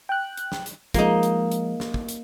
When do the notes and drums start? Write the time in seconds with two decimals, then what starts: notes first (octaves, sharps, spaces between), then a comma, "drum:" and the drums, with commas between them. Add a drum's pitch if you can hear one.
0.09 G5 F#6
0.37 drum: hi-hat
0.52 drum: snare
0.66 drum: hi-hat
0.94 F3 G#3 A#3 D#4, drum: kick, hi-hat
1.23 drum: hi-hat
1.51 drum: hi-hat
1.80 drum: snare
1.94 drum: kick
2.08 drum: hi-hat